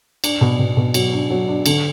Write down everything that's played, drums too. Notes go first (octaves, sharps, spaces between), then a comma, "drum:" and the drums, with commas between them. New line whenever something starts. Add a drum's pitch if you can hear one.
D4, drum: cymbal
B2
B2
B2
F#3, drum: cymbal
D4
F#3
D4
D3, drum: cymbal